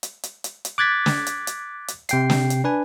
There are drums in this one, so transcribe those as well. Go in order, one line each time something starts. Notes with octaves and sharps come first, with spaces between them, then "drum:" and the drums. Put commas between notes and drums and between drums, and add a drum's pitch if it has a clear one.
drum: hi-hat
drum: hi-hat
drum: hi-hat
drum: hi-hat
D6 F#6 G#6 A6 B6
drum: snare
drum: hi-hat
drum: hi-hat
drum: hi-hat
C3 G5 C7, drum: hi-hat
drum: snare
drum: hi-hat
D4 B4 G#5